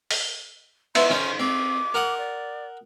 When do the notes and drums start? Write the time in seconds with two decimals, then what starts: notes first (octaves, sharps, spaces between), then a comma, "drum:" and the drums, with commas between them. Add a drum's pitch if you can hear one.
0.11 drum: open hi-hat
0.95 B3 D#4 E4 C6, drum: cymbal
1.10 D#3 C#4 D#4 C5
1.39 C4 D6
1.94 A#4 F#5 D#6
2.18 D5